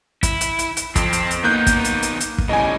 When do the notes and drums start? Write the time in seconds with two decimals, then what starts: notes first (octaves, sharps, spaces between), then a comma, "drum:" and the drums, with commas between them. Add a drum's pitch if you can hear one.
0.23 E4, drum: kick, hi-hat
0.41 drum: hi-hat
0.59 drum: hi-hat
0.77 drum: hi-hat
0.96 F2 C4, drum: kick, hi-hat
1.13 drum: hi-hat
1.31 drum: hi-hat
1.44 D#3 A#3 B3 D#4 F#6 G6
1.67 drum: kick, hi-hat
1.85 drum: hi-hat
2.02 drum: hi-hat
2.20 drum: hi-hat
2.38 drum: kick
2.49 A2 C#3 G3 D#5 G#5